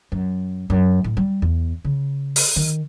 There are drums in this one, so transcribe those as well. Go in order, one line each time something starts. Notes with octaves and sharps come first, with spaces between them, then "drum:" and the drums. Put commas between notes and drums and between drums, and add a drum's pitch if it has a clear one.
F#2
F#2
A2
G3
E2
C#3
drum: open hi-hat
D#3